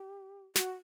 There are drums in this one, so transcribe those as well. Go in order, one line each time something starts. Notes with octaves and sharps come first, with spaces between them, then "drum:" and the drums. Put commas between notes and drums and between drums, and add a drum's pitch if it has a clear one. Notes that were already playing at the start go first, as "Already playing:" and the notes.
Already playing: G4
F#4, drum: snare